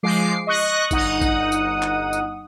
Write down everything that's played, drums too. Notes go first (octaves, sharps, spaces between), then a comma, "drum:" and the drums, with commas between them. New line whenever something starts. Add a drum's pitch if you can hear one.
F3 G#3 D6 C7
D#5 C#6 F#6 A#6
G1 D#4 F#5 D#6, drum: kick, tambourine
drum: kick, tambourine
drum: tambourine
drum: clap
drum: tambourine